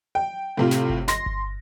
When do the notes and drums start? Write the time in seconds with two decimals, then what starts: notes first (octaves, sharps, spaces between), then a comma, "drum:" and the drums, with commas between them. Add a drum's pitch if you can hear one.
0.15 G5
0.57 A2 C3 F4
0.71 drum: snare
0.89 drum: kick G1
1.08 C6 A#6, drum: snare
1.26 drum: kick G1